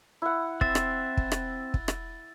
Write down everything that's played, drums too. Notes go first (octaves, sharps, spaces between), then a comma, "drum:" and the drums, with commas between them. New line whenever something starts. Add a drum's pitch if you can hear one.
E4 F#5
C4 E5 A6, drum: kick
drum: rim click
drum: kick
drum: rim click
drum: kick
drum: rim click